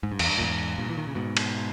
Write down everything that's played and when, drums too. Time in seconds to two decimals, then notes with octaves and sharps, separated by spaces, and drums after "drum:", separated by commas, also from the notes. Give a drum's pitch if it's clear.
0.03 G#2
0.12 G2
0.19 E2, drum: cymbal
0.27 G2
0.38 A#2
0.40 E2 G#2
0.78 G2 A#2
0.89 E3
0.97 D#3
1.07 C#3
1.15 G#2 B2
1.37 drum: cymbal